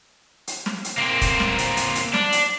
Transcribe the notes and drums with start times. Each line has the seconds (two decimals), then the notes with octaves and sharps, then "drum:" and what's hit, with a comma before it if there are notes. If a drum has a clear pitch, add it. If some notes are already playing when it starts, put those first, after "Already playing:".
0.47 drum: hi-hat
0.66 drum: snare
0.84 drum: hi-hat
0.98 A#3 C4
1.21 drum: kick, hi-hat
1.40 drum: snare
1.58 drum: hi-hat
1.77 drum: hi-hat
1.95 drum: hi-hat
2.14 D4, drum: snare
2.32 drum: hi-hat